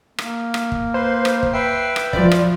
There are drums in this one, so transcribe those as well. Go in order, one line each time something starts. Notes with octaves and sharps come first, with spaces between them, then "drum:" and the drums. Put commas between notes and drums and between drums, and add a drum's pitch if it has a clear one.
A#3, drum: rim click
drum: rim click
drum: kick
B4 C5 C6
drum: rim click
drum: kick
B4 E5 G5 C7
drum: rim click
F3 D5, drum: kick
drum: rim click